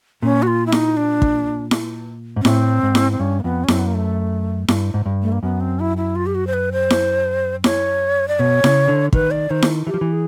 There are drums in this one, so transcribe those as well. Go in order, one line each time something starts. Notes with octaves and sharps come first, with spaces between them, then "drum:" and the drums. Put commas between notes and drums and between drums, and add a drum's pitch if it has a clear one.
A#2 C#4
F#4
F4
E4
D#4, drum: snare E4
D4
drum: kick
drum: snare E4
G#2
C#4
A2 C4, drum: snare E4
G#2
drum: snare E4
C4
G2 C#4
A#3
F2 B3
C#4
F#2 C4, drum: snare E4
B3
A#3
A3
G2, drum: snare E4
G#2
G2
A3
A#3
F#2 B3
C4
E4
E4
F4
G4
F#4
C5
B4
C5
drum: snare E4
C#5, drum: snare E4
D5
B2 C#5
C#3, drum: snare E4
D3
D#3 B4, drum: kick
D5
D#3 C5
drum: snare E4
E3 G4
F3
E3
G#4